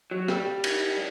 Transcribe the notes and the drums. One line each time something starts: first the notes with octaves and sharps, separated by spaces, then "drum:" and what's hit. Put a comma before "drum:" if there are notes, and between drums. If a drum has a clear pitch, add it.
F#3
G3, drum: rim click
drum: cymbal